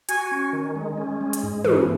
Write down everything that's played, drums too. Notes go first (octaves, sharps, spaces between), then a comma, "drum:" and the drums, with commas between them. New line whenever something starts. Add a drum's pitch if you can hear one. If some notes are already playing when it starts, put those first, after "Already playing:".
F#4 G#5, drum: hi-hat
C#4
D#3
G#3
C#4
G#3
drum: hi-hat
G#2
E3, drum: tom